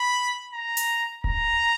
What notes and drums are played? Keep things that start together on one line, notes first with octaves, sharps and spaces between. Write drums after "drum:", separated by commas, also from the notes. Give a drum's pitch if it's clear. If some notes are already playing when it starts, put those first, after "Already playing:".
Already playing: B5
A#5
drum: hi-hat
A#5, drum: kick D1